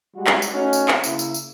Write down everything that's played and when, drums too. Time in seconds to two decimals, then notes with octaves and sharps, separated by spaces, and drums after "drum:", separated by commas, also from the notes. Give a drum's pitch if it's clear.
0.16 G3 G#3 F#4
0.27 drum: clap
0.42 drum: tambourine
0.53 A3 C#4 D#4 F#4
0.73 drum: tambourine
0.88 drum: clap
1.04 C#3 A#3 E4, drum: tambourine
1.19 drum: tambourine
1.34 drum: tambourine